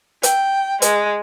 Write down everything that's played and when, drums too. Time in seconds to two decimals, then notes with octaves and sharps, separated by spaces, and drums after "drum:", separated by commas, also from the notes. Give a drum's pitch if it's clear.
0.23 G5, drum: hi-hat
0.82 G#3, drum: hi-hat